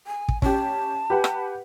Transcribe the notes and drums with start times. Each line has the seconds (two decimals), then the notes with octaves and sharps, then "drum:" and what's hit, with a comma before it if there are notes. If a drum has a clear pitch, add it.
0.07 G#5
0.28 drum: kick
0.42 C#4 G4 A5, drum: kick
1.10 G4 B4 F#5
1.24 drum: rim click